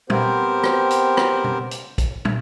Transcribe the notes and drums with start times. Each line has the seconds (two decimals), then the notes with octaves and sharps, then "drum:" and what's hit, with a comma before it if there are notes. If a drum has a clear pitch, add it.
0.10 B3 C4 G4 A#4 C5, drum: tom
0.64 drum: rim click
0.90 drum: hi-hat
1.17 drum: rim click
1.44 drum: tom B2
1.71 drum: hi-hat
1.98 drum: kick, hi-hat
2.25 drum: tom